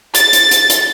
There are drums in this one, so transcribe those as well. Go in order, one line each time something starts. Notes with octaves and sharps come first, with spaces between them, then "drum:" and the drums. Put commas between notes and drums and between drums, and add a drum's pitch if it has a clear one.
A6, drum: hi-hat
drum: hi-hat
drum: hi-hat
drum: hi-hat